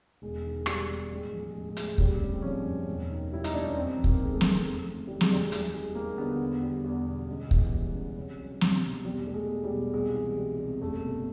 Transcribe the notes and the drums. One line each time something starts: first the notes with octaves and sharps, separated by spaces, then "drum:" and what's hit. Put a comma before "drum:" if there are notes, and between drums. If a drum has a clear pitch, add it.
E1 G#3
D#3
G3, drum: rim click
D#2
A1 G#3
F3
G#3
A1
G#3
A2, drum: hi-hat
G#1 G3, drum: kick
C#3
C4
F3 C#4
F#2
E1
D#3
G3 E4
D#4, drum: hi-hat
D#2 D4
C#4
F2 C4
F3
A#3, drum: kick
F2 G#3
A3
C3, drum: snare
F1 A3
C#3
E3 G3
G#3, drum: snare
F2 G3
D#2 G#3, drum: hi-hat
G3 G#3
D#2 A#3
D3 B3
E2
G3
E2
B2
C#2
E3, drum: kick
G3
C#3
C2 C#4
F#3
C2, drum: snare
B2
E2 G3
G3 A3
G#3
E2
G3
B2
C2 G#3
E3
G3
C3
F#1 A3
B2